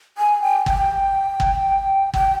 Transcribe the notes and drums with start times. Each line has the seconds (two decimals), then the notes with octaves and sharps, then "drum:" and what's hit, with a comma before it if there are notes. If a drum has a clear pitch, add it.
0.18 G#5
0.42 G5
0.66 G5, drum: kick
1.40 drum: kick
2.14 G5, drum: kick